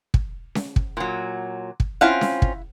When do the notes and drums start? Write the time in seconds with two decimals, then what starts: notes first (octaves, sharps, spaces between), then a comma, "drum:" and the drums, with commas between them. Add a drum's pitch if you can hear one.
0.14 drum: kick
0.55 drum: snare C#4
0.76 drum: kick
0.97 A#2 F#3
1.80 drum: kick
2.01 C4 C#4 E4 F4 F5 F#5
2.21 drum: snare C#4
2.42 drum: kick